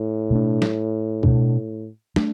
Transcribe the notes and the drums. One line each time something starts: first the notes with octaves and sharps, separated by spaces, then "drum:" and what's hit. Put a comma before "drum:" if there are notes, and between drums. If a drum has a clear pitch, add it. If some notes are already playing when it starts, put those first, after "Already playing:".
Already playing: A2
B2 A3 D4
drum: snare
B2 A3 D4, drum: kick C#2
A3 D4, drum: snare